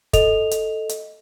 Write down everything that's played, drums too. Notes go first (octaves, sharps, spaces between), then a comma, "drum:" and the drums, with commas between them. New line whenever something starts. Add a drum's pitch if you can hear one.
A4 D#5 F7, drum: kick, hi-hat
drum: hi-hat
drum: hi-hat